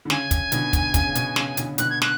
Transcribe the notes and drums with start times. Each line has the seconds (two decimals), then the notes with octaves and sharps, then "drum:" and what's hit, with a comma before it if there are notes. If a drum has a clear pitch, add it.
0.05 D3
0.10 C#3 G#5, drum: snare
0.31 drum: kick, hi-hat
0.52 B2 D3, drum: hi-hat
0.73 drum: kick, hi-hat
0.94 C#3, drum: kick, hi-hat
1.06 C#3
1.15 B2, drum: hi-hat
1.36 C#3, drum: snare
1.57 B2 D3, drum: hi-hat
1.78 B2 D3 F#6, drum: hi-hat
1.90 G#6
2.02 F#6, drum: snare